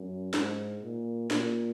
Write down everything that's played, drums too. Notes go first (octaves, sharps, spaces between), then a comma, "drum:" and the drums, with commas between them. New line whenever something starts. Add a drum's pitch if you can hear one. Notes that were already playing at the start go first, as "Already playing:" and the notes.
Already playing: F#2
G#2, drum: snare
A#2
A#2, drum: snare